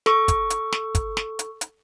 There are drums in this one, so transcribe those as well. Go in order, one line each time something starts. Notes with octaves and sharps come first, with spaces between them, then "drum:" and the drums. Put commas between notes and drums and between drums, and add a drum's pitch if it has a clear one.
A4 C#6, drum: snare
drum: kick, hi-hat
drum: hi-hat
drum: snare
drum: kick, hi-hat
drum: snare
drum: hi-hat
drum: hi-hat